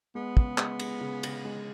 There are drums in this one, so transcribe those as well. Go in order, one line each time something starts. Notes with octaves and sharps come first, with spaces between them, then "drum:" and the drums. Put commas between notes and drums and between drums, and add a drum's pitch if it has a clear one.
G#3 B3
C#3, drum: kick
G#3, drum: clap
G#3, drum: cymbal
C#3
C#3, drum: cymbal
G#3